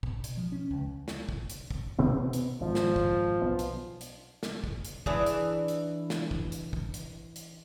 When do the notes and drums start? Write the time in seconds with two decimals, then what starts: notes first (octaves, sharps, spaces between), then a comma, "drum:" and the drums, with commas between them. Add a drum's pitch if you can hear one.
0.03 B2, drum: kick
0.24 drum: hi-hat
0.37 F3
0.52 C#4
0.71 C#2
1.08 drum: snare
1.29 drum: kick
1.50 drum: hi-hat
1.71 drum: kick
1.99 B2 B3 C4
2.33 drum: hi-hat
2.61 G#1 F3
2.75 drum: snare
2.96 drum: kick
3.42 B1 B3
3.59 drum: hi-hat
4.01 drum: hi-hat
4.43 drum: snare
4.64 drum: kick
4.85 drum: hi-hat
5.06 E3 D4 G#4, drum: kick
5.26 drum: hi-hat
5.68 drum: hi-hat
6.10 drum: snare
6.31 drum: kick
6.52 drum: hi-hat
6.73 drum: kick
6.94 drum: hi-hat
7.36 drum: hi-hat